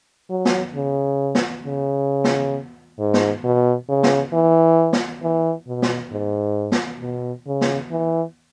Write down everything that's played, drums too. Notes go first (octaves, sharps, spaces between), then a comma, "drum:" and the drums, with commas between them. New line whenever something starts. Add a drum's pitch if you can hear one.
F#3
drum: snare
C#3
drum: snare
C#3
drum: snare
G#2
drum: snare
B2
C#3
drum: snare
E3
drum: snare
E3
B2
drum: snare
G#2
drum: snare
B2
C#3
drum: snare
E3